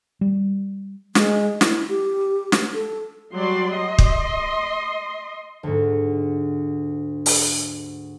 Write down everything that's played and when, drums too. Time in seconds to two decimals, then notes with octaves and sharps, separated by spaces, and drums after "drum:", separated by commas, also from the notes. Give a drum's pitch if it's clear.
0.21 G3
1.15 G#3, drum: snare
1.61 E4, drum: snare
1.89 G4
2.52 drum: snare
2.74 A4
3.34 F#3 G3 D5 C6
3.75 D#5 C6
3.98 drum: kick
5.63 D2 G#2
7.26 drum: open hi-hat